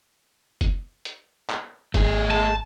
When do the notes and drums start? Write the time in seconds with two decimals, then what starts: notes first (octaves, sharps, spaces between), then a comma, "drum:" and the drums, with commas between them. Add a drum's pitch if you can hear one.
0.61 drum: kick F#1, hi-hat
1.05 drum: hi-hat
1.50 drum: clap
1.94 G#1 A3 G#4, drum: kick F#1, hi-hat
2.31 A5